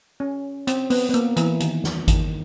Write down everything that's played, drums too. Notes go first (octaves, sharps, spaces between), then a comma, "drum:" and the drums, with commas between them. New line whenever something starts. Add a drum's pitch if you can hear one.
C#4
C4, drum: hi-hat
B3, drum: open hi-hat
B3
A#3, drum: hi-hat
E3, drum: hi-hat
D#3, drum: hi-hat
drum: snare
D#3, drum: kick G#1, hi-hat